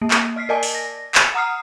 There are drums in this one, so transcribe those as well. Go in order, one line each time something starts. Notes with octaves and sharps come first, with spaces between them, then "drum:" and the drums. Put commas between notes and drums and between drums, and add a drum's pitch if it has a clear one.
A#3
drum: clap
D#5 F6 B6 C7
A#4 D5 D#5 G#5 A5 D6
drum: open hi-hat
A#6
C#7 E7, drum: clap
F#5 A#5 D#6 F6 C7